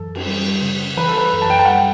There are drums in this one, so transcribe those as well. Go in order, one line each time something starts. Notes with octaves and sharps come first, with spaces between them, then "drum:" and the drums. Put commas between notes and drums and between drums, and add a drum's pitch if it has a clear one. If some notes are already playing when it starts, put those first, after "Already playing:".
Already playing: F#2 E3 A4
drum: cymbal
G3
C#3
E3 B4
A4
B4
F#2
A5
G5
A5
F#5
G3 G5